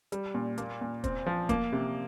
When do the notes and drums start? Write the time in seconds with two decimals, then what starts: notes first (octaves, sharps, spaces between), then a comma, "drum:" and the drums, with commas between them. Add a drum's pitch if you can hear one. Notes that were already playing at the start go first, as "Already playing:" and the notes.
0.12 G3, drum: hi-hat
0.34 A#2
0.58 A#3, drum: hi-hat
0.81 A#2
1.04 C4, drum: kick, hi-hat
1.26 F3
1.49 A#3, drum: kick, hi-hat
1.72 C3